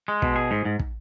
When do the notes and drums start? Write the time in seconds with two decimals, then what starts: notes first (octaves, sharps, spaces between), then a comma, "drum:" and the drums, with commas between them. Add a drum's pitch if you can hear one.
0.08 G#3
0.22 B2, drum: kick
0.36 G#4
0.51 G#2
0.65 G#2
0.79 drum: kick